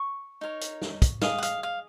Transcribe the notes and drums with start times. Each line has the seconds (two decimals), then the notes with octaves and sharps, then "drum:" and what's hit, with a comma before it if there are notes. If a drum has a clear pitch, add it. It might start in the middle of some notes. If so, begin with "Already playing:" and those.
Already playing: C#6
0.41 D#4 A#4 C#5
0.61 drum: hi-hat
0.82 drum: snare
1.02 drum: kick, hi-hat
1.22 G#4 D#5 F5, drum: snare
1.38 F#5
1.43 F5, drum: hi-hat
1.63 F5